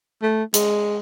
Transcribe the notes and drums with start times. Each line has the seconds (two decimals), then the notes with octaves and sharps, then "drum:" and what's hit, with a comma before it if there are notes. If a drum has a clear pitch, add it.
0.22 A3
0.54 G#3, drum: hi-hat